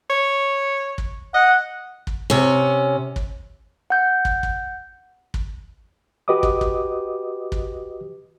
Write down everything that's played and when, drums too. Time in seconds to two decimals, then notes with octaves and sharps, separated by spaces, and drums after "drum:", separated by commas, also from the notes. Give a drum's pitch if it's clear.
0.10 C#5
0.98 drum: kick
1.34 D#5 F#5
2.07 drum: kick
2.30 C3 C#4
3.16 drum: kick
3.90 F#5 G6
4.25 drum: kick
4.43 drum: kick
5.34 drum: kick
6.28 F#4 G4 B4 D#5 D6 D#6
6.43 drum: kick
6.61 drum: kick
7.52 drum: kick